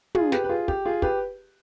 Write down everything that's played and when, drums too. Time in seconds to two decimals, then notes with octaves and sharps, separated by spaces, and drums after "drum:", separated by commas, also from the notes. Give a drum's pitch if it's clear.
0.15 F4 G#4, drum: tom
0.32 G4 B4, drum: snare
0.44 B4
0.49 F4 G#4
0.68 G4, drum: kick
0.85 F4 G#4
1.02 G4 B4, drum: kick